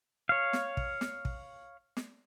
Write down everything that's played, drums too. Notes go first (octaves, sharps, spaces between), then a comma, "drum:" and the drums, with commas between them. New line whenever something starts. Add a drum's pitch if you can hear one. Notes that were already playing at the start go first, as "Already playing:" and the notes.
C#5 F5
drum: snare
drum: kick
drum: snare
drum: kick
drum: snare